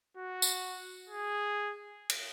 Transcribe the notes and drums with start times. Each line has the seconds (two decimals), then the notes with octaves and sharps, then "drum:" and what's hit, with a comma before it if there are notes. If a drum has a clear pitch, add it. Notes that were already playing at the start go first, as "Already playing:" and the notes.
0.17 F#4
0.42 drum: tambourine
1.10 G#4
2.10 drum: cymbal